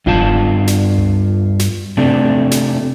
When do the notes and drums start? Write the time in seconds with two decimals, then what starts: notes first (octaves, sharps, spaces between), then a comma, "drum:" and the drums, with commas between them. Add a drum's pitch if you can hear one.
0.06 G2 F4 F5 A5, drum: kick F1
0.67 drum: snare
0.98 drum: tom C#2
1.59 drum: snare
1.97 C3 A3 D4
2.51 drum: snare